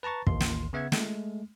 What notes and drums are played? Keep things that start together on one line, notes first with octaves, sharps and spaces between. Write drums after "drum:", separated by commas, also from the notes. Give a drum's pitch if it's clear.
B4 A5 A#5 C#6 A6
A1 D#2 C6, drum: kick
drum: snare
C#3 B3 E5 F#5 G#6
G#3 A3, drum: snare